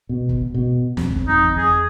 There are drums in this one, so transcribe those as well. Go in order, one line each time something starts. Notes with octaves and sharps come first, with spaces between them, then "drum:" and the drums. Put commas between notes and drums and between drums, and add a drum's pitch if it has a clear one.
B2
drum: kick
B2
F2, drum: snare
drum: kick
D#4
drum: kick
G#4